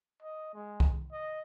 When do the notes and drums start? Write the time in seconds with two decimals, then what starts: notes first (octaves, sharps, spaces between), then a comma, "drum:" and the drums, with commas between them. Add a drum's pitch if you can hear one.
0.22 D#5
0.54 G#3
0.80 drum: kick
1.12 D#5